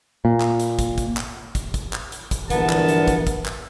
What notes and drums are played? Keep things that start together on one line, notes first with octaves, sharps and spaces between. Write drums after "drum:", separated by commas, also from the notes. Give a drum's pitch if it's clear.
A#2
drum: clap
drum: hi-hat
drum: kick, hi-hat
drum: kick, hi-hat
drum: clap
drum: kick, hi-hat
drum: kick, hi-hat
drum: clap
drum: hi-hat
drum: kick, hi-hat
A#1 G2 D3 E3 B3 A#4 A5, drum: kick, hi-hat
drum: clap
drum: hi-hat
drum: kick, hi-hat
drum: kick, hi-hat
drum: clap